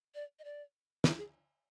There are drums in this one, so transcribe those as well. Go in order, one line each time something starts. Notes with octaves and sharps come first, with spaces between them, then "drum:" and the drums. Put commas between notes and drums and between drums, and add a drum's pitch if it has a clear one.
D5
D#5
D5
B4, drum: snare
G#4